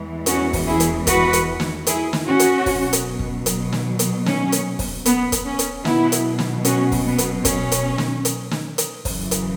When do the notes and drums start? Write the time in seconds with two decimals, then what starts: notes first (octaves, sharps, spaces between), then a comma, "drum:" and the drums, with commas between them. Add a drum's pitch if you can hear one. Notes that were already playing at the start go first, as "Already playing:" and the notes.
Already playing: E2 E3 G#3
0.26 C#4 F#4, drum: hi-hat
0.53 drum: kick, open hi-hat
0.66 E4 G#4
0.80 drum: hi-hat
1.07 F#4 B4, drum: kick, hi-hat
1.33 drum: hi-hat
1.60 drum: snare
1.87 E4 G#4, drum: hi-hat
2.13 drum: snare
2.26 C#4 F#4
2.39 drum: hi-hat
2.66 B2 F#3, drum: kick, open hi-hat
2.93 drum: hi-hat
3.19 drum: kick
3.46 drum: hi-hat
3.73 drum: snare
3.99 drum: hi-hat
4.26 C#4, drum: snare
4.52 drum: hi-hat
4.79 drum: kick, open hi-hat
5.06 B3, drum: hi-hat
5.32 drum: kick, hi-hat
5.46 C#4
5.59 drum: hi-hat
5.85 B2 F#3 B3 E4, drum: snare
6.12 drum: hi-hat
6.39 drum: snare
6.65 C#4 F#4, drum: hi-hat
6.92 drum: kick, open hi-hat
7.05 B3
7.18 drum: hi-hat
7.45 C#4, drum: kick, hi-hat
7.72 drum: hi-hat
7.98 drum: snare
8.25 drum: hi-hat
8.51 drum: snare
8.78 drum: hi-hat
9.05 F#2 C#3 E3, drum: kick, open hi-hat
9.31 drum: hi-hat